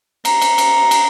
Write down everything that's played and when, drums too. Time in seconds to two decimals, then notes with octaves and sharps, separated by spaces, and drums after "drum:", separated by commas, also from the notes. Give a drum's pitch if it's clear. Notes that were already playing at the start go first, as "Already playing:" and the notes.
0.25 A#5, drum: cymbal
0.42 drum: cymbal
0.58 drum: cymbal
0.91 drum: cymbal